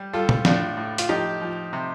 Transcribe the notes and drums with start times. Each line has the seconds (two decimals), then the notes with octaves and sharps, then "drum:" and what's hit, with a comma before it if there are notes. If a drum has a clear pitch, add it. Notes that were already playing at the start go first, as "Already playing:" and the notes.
Already playing: G3
0.13 G3 F4 A4
0.29 drum: tom A#2
0.45 A2 D4 F4, drum: snare
0.77 A2
0.98 F4, drum: hi-hat
1.09 F3 D#4 G4
1.41 F3
1.73 C3